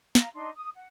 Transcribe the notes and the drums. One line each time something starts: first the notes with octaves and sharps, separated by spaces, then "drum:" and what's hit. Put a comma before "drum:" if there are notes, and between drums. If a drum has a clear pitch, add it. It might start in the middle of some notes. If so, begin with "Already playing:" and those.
F5 A#5, drum: snare
D4 D#4 C6
D#6
F#5